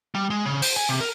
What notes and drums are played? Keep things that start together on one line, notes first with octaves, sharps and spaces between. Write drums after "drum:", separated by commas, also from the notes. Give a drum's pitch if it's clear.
G3
G#3
C#3
C5, drum: open hi-hat
G#5
C3
A#4